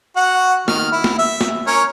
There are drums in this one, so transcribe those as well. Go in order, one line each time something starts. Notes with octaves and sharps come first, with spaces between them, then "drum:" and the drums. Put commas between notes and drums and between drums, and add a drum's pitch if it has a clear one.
F#4 F#5
D#3 F6, drum: snare
E4
drum: snare
E5
drum: snare
C#4 A#4 C#5